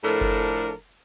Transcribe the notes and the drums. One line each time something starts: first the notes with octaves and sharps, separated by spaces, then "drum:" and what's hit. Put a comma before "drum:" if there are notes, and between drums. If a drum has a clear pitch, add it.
A2 F3 D4 A4 A#4
drum: kick F#1